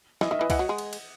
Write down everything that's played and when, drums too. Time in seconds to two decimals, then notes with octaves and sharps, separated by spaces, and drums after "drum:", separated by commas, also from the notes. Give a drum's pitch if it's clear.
0.21 E3 D#5, drum: snare
0.31 D#3 E5
0.39 E3 B4 D#5
0.50 E3 D#5 F#5, drum: kick, cymbal
0.59 F#3
0.69 G#3
0.78 drum: cymbal
0.93 drum: cymbal